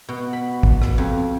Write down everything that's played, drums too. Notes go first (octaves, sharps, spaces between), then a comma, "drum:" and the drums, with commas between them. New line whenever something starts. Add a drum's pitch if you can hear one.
B2
B5
drum: kick
drum: rim click
F2